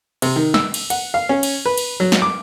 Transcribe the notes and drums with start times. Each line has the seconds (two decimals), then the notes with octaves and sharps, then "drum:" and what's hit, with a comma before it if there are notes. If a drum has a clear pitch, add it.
0.22 C3, drum: cymbal
0.36 D#3
0.54 E6, drum: snare
0.74 drum: cymbal
0.90 F#5, drum: cymbal
1.14 F5
1.29 C#4
1.43 drum: cymbal
1.66 B4
1.78 drum: cymbal
2.00 F#3
2.12 drum: snare
2.22 D6